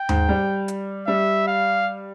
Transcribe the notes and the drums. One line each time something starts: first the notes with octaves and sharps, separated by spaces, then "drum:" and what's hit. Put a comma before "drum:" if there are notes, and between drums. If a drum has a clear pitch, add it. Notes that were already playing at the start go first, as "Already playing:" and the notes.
Already playing: G5
G#2, drum: tom D#2
G3
drum: hi-hat
G3 E5
F5